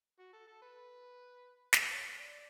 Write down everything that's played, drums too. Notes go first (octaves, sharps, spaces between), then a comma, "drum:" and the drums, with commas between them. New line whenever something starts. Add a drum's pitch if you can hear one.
F#4
A4
A4
B4
drum: snare
C#5
D5